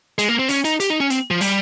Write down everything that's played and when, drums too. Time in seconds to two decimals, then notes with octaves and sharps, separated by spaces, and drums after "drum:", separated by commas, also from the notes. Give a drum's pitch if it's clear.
0.19 G#3, drum: hi-hat
0.28 A#3
0.39 C4
0.49 C#4, drum: open hi-hat
0.65 D#4, drum: hi-hat
0.80 G4, drum: hi-hat
0.90 D#4
1.00 C#4
1.10 C4, drum: hi-hat
1.31 F3
1.41 G3, drum: open hi-hat